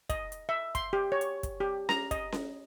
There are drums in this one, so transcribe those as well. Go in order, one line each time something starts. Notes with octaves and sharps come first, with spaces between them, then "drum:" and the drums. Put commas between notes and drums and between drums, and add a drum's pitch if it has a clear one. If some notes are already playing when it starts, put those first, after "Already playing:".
D#5, drum: kick, hi-hat
drum: hi-hat
E5
C6, drum: kick, hi-hat
G4
C#5
drum: hi-hat
drum: kick, hi-hat
G4
A#5, drum: snare C#4
D#5, drum: kick, hi-hat
drum: snare C#4